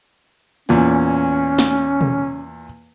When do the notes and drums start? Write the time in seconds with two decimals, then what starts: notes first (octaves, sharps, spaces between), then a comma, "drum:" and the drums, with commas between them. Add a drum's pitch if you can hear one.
0.69 E2 A#2 C#4, drum: open hi-hat
1.59 drum: snare
2.01 drum: tom